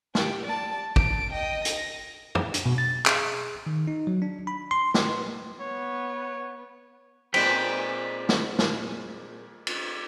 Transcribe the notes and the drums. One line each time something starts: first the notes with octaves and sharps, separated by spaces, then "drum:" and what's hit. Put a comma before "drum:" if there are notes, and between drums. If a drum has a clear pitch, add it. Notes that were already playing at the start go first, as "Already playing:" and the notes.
G4, drum: snare
D5 A5
A5 D7, drum: kick
D#5 G5
A#6, drum: hi-hat
drum: tom
D4, drum: hi-hat
B2
A6
G#4, drum: clap
D#3
D#4
F#3
D4
B5
C6
G5, drum: snare
B4
B3 C#5
A#2 G#3 C4 B4 G5, drum: cymbal
drum: snare
drum: snare
drum: cymbal